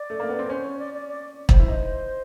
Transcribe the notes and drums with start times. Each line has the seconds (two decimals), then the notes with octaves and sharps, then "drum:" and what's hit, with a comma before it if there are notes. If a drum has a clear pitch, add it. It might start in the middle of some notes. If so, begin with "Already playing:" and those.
Already playing: D5
0.10 A3
0.20 A#3
0.29 B3
0.39 C4
0.50 C#4 C5
0.64 C#5
0.79 D5
0.94 D5
1.09 D5
1.49 C5, drum: kick
1.60 E4
1.68 D#4